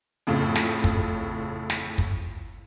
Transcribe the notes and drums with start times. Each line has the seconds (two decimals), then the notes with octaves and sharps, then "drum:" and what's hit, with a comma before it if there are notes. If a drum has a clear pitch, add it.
0.27 F2 A2 C#3
0.55 drum: snare
0.84 drum: kick
1.70 drum: snare
1.98 drum: kick